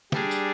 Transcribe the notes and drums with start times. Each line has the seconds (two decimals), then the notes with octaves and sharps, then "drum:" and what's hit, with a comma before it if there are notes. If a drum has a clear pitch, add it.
0.12 G3 D4 G#4, drum: snare
0.31 drum: tambourine